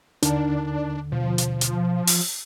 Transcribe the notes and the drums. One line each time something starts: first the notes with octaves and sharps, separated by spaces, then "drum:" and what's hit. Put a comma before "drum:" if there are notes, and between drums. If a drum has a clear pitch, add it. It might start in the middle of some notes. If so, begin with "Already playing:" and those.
D#2 D3 D4 D#4 A#4 A5, drum: hi-hat
B2 F3
drum: hi-hat
drum: hi-hat
drum: open hi-hat